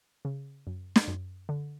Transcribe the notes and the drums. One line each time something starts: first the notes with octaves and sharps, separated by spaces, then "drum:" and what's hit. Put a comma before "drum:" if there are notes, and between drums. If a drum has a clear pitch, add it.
C#3
F#2
drum: snare
F#2
D3